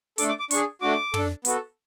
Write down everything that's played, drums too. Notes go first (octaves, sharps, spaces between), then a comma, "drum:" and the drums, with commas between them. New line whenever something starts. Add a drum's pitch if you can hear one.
A3 D4 A4 D6, drum: hi-hat
D6
D6
D4 G#4 C#6, drum: hi-hat
A3 D4 F#4 D6
D4 A4, drum: tom
B3 F#4 A4, drum: hi-hat